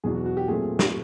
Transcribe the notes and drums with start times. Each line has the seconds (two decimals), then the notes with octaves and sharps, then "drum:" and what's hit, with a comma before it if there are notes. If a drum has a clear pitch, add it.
0.04 E2 B2 F#3 G#4
0.15 F#4
0.26 F#4
0.37 G4
0.48 A#2 F#3 A3 C4 G#4
0.79 drum: snare